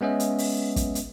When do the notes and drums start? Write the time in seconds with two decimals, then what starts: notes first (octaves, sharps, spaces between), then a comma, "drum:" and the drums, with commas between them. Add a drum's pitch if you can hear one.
0.01 G#3 B3 C#4 D#5 E5
0.20 drum: hi-hat
0.38 drum: open hi-hat
0.76 drum: kick, hi-hat
0.95 drum: hi-hat